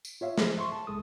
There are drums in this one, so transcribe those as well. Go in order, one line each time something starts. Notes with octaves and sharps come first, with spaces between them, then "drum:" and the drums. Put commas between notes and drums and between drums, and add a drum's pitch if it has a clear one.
drum: tambourine
F4 C#5 E5 F5
F3 G#4 C5 B5, drum: snare
E5 C6 C#6
A5
C2 G#3 A4 D#6